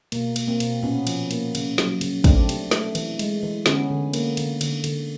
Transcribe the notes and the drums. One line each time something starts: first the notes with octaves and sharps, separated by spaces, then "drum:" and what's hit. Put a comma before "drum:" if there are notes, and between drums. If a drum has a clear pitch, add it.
B2 A#3, drum: cymbal
A#3, drum: cymbal
A#3 C4
B2, drum: cymbal
A#2 B3 C#4
F3, drum: cymbal
A#3, drum: cymbal
C#3, drum: cymbal
F#3, drum: snare
C#3, drum: cymbal
A3 C4 D4, drum: kick, cymbal
C3, drum: cymbal
A3, drum: snare
E3, drum: cymbal
G#3, drum: cymbal
E3
D3 B3 C#4, drum: snare
D3
A#3, drum: cymbal
D3, drum: cymbal
D3, drum: cymbal
D3, drum: cymbal